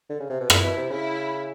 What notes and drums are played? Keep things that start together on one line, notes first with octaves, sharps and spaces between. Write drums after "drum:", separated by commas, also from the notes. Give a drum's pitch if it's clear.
D3
C#3
C3
B2
A#2 E4, drum: rim click
B2
C3
C#3 E4